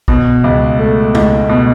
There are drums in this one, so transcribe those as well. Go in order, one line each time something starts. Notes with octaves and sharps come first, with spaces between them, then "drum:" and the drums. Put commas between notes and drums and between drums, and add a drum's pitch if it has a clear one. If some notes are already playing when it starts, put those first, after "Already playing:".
B2, drum: kick
C#2
A3
C#2, drum: tom G#3
B2